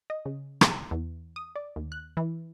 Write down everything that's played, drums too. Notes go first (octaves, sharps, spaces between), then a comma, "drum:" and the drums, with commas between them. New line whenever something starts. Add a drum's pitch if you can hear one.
D#5
C#3
drum: rim click
E2
D#6
D5
D#2
F#6
E3